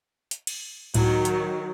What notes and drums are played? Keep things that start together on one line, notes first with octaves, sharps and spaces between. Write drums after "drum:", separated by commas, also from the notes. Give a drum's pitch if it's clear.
drum: hi-hat
drum: cymbal
C#2 A2 D#3 F#3, drum: cymbal
drum: hi-hat